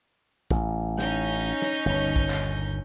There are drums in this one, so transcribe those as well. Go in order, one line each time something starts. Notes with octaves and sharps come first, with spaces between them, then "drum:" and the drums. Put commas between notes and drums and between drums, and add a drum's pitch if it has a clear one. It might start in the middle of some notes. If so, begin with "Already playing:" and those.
A1, drum: kick
C#4 D#4 G6, drum: snare
drum: snare
G1 D#2
drum: kick
drum: clap